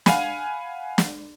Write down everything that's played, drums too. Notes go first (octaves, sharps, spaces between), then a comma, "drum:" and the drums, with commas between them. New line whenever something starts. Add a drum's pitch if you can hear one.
F5 F#5 G#5 B5, drum: snare
drum: snare